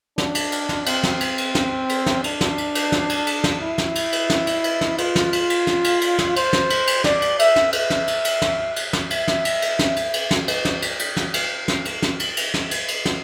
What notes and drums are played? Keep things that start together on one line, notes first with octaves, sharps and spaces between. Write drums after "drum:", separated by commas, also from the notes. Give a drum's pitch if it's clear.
D4, drum: snare
drum: cymbal
drum: cymbal
drum: snare
C4, drum: cymbal
drum: snare
drum: cymbal
drum: cymbal
drum: snare
drum: cymbal
drum: snare
D4, drum: cymbal
drum: snare
drum: cymbal
drum: cymbal
drum: snare
drum: cymbal
drum: cymbal
drum: snare
E4
drum: snare
drum: cymbal
drum: cymbal
drum: snare
drum: cymbal
drum: cymbal
drum: snare
F4, drum: cymbal
drum: snare
drum: cymbal
drum: cymbal
drum: snare
drum: cymbal
drum: cymbal
drum: snare
C5, drum: cymbal
drum: snare
drum: cymbal
drum: cymbal
D5, drum: snare
drum: cymbal
E5, drum: cymbal
drum: snare
E5, drum: cymbal
drum: snare
drum: cymbal
drum: cymbal
drum: snare
drum: cymbal
drum: snare
E5, drum: cymbal
drum: snare
drum: cymbal
drum: cymbal
drum: snare
drum: cymbal
drum: cymbal
drum: snare
drum: cymbal
drum: snare
drum: cymbal
drum: cymbal
drum: snare
drum: cymbal
drum: snare
drum: cymbal
drum: snare
drum: cymbal
drum: cymbal
drum: snare
drum: cymbal
drum: cymbal
drum: snare